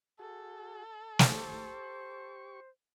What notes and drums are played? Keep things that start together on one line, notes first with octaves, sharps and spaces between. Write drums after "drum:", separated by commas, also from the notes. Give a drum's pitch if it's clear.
F#4 G#4 A4
G4 C5 C#6, drum: snare